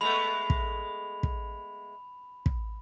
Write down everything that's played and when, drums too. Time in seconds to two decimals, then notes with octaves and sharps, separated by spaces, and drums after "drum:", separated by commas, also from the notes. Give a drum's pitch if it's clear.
0.01 G#3 A3 B3 B5 F7
0.50 drum: kick
1.23 drum: kick
2.46 drum: kick